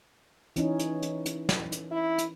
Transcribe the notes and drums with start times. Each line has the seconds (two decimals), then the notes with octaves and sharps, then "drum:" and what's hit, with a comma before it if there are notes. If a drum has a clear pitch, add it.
0.56 E3 C#4 D#4, drum: hi-hat
0.79 drum: hi-hat
1.02 drum: hi-hat
1.26 drum: hi-hat
1.49 drum: snare
1.72 drum: hi-hat
1.91 E4
2.18 drum: hi-hat